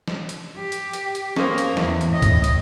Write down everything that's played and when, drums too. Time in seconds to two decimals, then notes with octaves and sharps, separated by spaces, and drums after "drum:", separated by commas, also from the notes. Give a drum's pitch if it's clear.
0.08 drum: snare
0.29 drum: hi-hat
0.57 G4
0.72 drum: hi-hat
0.93 drum: hi-hat
1.15 drum: hi-hat
1.36 A#3 C#4 G#4 C5, drum: snare
1.58 drum: hi-hat
1.77 E2, drum: snare
2.01 drum: hi-hat
2.11 A2 D#5
2.22 drum: kick, hi-hat
2.44 drum: hi-hat